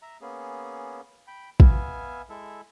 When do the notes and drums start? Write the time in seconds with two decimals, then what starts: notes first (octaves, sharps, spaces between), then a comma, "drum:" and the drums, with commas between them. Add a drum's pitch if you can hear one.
0.02 E5 A#5
0.21 A#3 B3 C#4 G#4
1.27 G5 B5
1.60 B3 E5 F5 G#5, drum: kick
2.29 G#3 E4 A4 E5